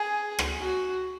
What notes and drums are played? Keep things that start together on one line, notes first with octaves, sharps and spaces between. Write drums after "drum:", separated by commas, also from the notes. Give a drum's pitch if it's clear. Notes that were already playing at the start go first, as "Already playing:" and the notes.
Already playing: G#4
drum: rim click
F#4